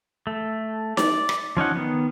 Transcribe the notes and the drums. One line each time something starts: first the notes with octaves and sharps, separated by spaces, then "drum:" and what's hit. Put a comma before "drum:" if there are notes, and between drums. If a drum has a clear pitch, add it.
A3
D5, drum: snare D#4
drum: rim click
F3 C#4 D#4 F#5
D#3 B3